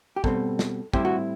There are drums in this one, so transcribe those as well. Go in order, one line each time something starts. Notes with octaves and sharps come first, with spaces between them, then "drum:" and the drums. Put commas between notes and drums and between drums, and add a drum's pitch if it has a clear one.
G4
B2 G3 C4 A4, drum: kick
drum: snare
A2 G3 C4 E4 G4, drum: kick
F#4